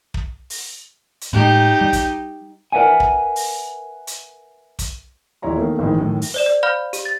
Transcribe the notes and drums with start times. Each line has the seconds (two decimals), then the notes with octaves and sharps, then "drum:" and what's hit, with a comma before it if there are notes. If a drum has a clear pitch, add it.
0.14 drum: kick
0.50 drum: open hi-hat
1.21 drum: hi-hat
1.33 A2 G#3 A3 D#4 G4
1.81 G3
1.93 drum: kick, hi-hat
2.72 A#4 B4 D#5 E5 F#5 G#5
3.00 drum: kick
3.36 drum: open hi-hat
4.07 drum: hi-hat
4.79 drum: kick, hi-hat
5.42 D#1 G3 E4 C#5 A#5 C6
5.56 B2 D#3 A3 A#3
5.79 G#1 A2 D#3 E3 G#3
5.98 F#2 A2 D#3
6.22 drum: open hi-hat
6.34 C5 D5 E7
6.46 D5
6.63 C5 F5 B5 F6 G6
6.93 G4, drum: hi-hat
7.05 A6